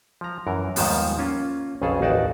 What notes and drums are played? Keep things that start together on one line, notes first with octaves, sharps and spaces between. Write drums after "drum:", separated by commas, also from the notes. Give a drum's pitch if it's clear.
F3 A#5
F#2 E3 A#4
D#2 G#2 D#3 F3 G3 B3, drum: open hi-hat
A#3 C#4 F4
B1 F2 C#3 G#4 A4 A5
A1 D#2 D#4 F#4 D5 A5